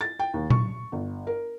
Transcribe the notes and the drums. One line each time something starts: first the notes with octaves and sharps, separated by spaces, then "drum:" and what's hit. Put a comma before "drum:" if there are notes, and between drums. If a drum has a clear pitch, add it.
A6
G5
D#2
C#6, drum: tom
G1
A#4